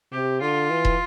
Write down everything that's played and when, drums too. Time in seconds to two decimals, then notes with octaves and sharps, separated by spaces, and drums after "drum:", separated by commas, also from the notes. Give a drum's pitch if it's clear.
0.12 C3 G4
0.41 D3 F4
0.70 E3
0.85 drum: kick